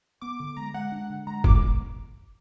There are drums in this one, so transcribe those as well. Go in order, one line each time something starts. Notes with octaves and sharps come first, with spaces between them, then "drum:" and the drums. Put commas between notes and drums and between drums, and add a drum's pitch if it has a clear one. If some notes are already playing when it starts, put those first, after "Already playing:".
B3 D6
D3 D6
G#3 A#5
G#3 F#5
D4
D3
G#3 A#5
B3 D6, drum: kick